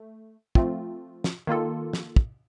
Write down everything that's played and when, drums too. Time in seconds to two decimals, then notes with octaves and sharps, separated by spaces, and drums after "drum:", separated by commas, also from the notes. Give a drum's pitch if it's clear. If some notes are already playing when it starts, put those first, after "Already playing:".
Already playing: A3
0.55 F3 A3 C4 F4, drum: kick
1.24 drum: snare
1.47 D#3 A#3 F4 A4
1.93 drum: snare
2.16 drum: kick